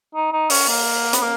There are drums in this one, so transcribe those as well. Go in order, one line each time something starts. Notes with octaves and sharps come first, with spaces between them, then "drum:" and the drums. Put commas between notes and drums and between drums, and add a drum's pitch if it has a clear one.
D#4
D#4
C#4, drum: open hi-hat
A#3
B3, drum: hi-hat
A#3